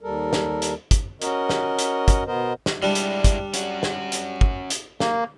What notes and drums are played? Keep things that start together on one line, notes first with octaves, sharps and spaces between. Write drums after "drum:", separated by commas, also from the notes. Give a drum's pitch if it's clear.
D#2 G3 A4 A#4
drum: snare
drum: hi-hat
drum: kick, hi-hat
C#4 F#4 A#4 D#5, drum: hi-hat
drum: snare
drum: hi-hat
drum: kick, hi-hat
B2 B3 A#4 C5 D#5
drum: snare
G3 G#3 D4 E4
drum: hi-hat
drum: kick, hi-hat
C#4 F#4, drum: hi-hat
drum: snare
drum: hi-hat
drum: kick
drum: hi-hat
A#3, drum: snare